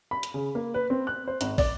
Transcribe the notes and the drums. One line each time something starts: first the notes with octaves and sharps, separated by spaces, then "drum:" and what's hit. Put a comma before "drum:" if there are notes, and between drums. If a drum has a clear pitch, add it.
B5
drum: hi-hat
C#3
A#3
B4
C4
F#6
C5
G#1, drum: hi-hat
D5, drum: kick, open hi-hat